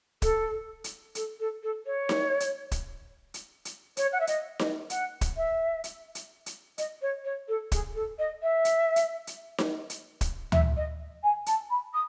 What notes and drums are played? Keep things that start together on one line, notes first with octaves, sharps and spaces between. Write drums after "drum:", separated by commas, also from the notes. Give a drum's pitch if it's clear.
A4, drum: kick, hi-hat
drum: hi-hat
A4, drum: hi-hat
A4
A4
C#5
drum: snare D#4
drum: hi-hat
drum: kick, hi-hat
drum: hi-hat
drum: hi-hat
C#5, drum: hi-hat
F#5
E5
D#5, drum: hi-hat
D#5, drum: snare D#4
F#5, drum: hi-hat
drum: kick, hi-hat
E5
drum: hi-hat
drum: hi-hat
drum: hi-hat
D#5, drum: hi-hat
C#5
C#5
A4
G#4, drum: kick, hi-hat
A4
D#5
E5
drum: hi-hat
drum: hi-hat
drum: hi-hat
drum: snare D#4
drum: hi-hat
drum: kick, hi-hat
E5, drum: tom D2
D#5
G#5
A5, drum: hi-hat
B5
D#6